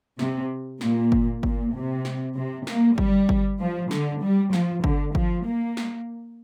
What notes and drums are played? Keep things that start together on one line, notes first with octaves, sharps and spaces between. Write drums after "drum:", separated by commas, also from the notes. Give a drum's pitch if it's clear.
C3, drum: snare
A#2, drum: snare
drum: kick G1
A#2, drum: kick G1
C3
drum: snare
C3
A#3, drum: snare
G3, drum: kick G1
drum: kick G1
F3
D3, drum: snare
G3
F3, drum: snare
D3, drum: kick G1
F3, drum: kick G1
A#3
drum: snare